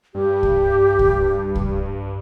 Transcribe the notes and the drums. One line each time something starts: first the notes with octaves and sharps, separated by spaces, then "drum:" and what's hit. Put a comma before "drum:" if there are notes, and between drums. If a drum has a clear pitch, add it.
G2 G4
drum: kick C2
drum: kick C2
drum: kick C2